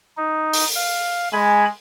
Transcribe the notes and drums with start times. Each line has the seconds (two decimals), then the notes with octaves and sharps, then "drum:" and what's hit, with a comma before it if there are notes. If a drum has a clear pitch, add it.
0.17 D#4
0.53 drum: open hi-hat
0.75 F5
1.33 G#3 G#5 B5